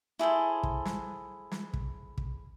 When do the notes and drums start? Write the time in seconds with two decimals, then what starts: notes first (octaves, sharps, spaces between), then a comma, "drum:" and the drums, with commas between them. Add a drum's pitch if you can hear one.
0.19 E4 G#4 A4 C5
0.63 drum: kick
0.85 drum: snare
1.51 drum: snare
1.73 drum: kick
2.18 drum: kick